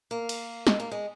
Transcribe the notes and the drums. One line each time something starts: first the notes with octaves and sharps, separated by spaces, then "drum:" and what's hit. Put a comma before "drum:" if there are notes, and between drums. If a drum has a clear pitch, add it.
A#3
drum: cymbal
G#3, drum: snare
A#3
G#3